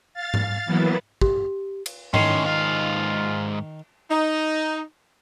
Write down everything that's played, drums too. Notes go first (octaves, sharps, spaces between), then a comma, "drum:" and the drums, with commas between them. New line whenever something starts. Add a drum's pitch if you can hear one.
F5 A6
drum: tom G#2
E3 F#3 A#3 B3 E4
G4, drum: kick
drum: cymbal
A2 D#3 C#4 C6, drum: tom G#2
G#2 F4 F5
D#4